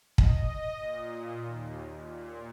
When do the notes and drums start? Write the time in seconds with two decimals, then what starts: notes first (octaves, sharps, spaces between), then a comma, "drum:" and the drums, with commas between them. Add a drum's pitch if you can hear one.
0.18 D#5, drum: kick
0.77 A#2
1.43 D#2
1.95 A#2